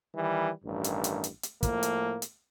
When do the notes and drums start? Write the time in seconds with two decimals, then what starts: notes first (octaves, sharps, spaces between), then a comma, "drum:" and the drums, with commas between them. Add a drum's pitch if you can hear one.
0.16 D#3 E3 G3
0.65 A1 G2 D#3
0.84 drum: hi-hat
1.04 drum: hi-hat
1.24 drum: hi-hat
1.43 drum: hi-hat
1.63 A2 F3 A#3, drum: kick, hi-hat
1.83 drum: hi-hat
2.22 drum: hi-hat